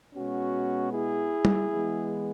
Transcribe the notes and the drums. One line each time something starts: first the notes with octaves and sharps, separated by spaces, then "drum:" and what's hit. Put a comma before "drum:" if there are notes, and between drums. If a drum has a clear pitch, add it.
B2 G#3 B3 C#4 F#4
E4 G#4
drum: tom
E3 G#3 B3